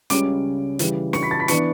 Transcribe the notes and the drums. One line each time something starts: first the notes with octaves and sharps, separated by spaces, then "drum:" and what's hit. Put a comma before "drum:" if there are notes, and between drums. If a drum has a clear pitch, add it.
C#2 C#3 G3 C#4 D6 D7, drum: hi-hat
C#3 E3 G3, drum: hi-hat
C#6 C#7, drum: snare
B5 B6
A5 A6
B5 B6
E3 B3 D4 C#6 C#7, drum: hi-hat